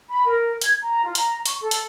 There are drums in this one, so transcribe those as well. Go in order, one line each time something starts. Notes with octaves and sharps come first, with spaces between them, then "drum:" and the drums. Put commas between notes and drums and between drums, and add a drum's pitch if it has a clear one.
B5
A#4
G#6, drum: hi-hat
A#5
F4
A#5, drum: hi-hat
C#6, drum: hi-hat
A4
drum: hi-hat